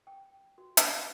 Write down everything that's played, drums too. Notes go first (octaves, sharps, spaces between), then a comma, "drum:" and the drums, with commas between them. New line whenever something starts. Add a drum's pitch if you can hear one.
G5
F#4
drum: hi-hat